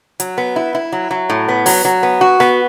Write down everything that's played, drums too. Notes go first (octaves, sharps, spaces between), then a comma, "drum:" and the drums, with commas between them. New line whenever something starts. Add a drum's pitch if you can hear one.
F#3, drum: hi-hat
B3
E4
E4
F#3
F#3
A2
B3
F#3, drum: open hi-hat
F#3
B3
F#4
B3, drum: rim click